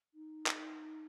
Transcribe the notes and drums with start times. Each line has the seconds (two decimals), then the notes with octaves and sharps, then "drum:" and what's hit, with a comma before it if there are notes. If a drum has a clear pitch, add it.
0.14 D#4
0.46 drum: clap